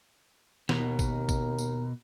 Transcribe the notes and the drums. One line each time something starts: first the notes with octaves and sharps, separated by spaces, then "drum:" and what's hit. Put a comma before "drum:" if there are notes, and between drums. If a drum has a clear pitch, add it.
D#2 B2 A#4, drum: snare
drum: kick G#1, tambourine
drum: kick G#1, tambourine
drum: tambourine